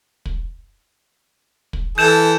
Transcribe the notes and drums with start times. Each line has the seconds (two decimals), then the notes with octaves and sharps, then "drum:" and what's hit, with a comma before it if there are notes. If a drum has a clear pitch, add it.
0.26 drum: kick
1.73 drum: kick
1.98 E3 A4 G6 E7